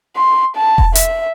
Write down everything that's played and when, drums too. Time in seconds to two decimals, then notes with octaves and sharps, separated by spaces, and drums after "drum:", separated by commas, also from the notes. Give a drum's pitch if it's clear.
0.16 C6
0.56 A5
0.78 drum: kick E1
0.95 E5, drum: hi-hat